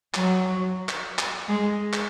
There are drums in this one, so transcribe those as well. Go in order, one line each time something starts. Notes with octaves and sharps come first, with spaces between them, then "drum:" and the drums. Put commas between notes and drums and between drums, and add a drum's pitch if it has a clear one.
F#3, drum: clap
drum: clap
drum: clap
G#3
drum: clap